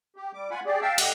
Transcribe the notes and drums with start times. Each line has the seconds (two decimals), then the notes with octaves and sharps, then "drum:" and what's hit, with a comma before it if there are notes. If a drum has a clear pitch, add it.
0.16 G4
0.34 G3 D6
0.51 F4 F#5 G#5 B5
0.66 G4 G#4 D5
0.82 E5 F5 G5 A5 E6
0.98 G2 D3 G4 D#5 F#5, drum: cymbal